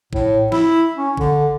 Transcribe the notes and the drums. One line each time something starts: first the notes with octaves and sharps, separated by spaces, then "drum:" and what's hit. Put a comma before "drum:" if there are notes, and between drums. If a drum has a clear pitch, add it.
A2, drum: kick A1
E4, drum: snare
C#4
D3, drum: kick A1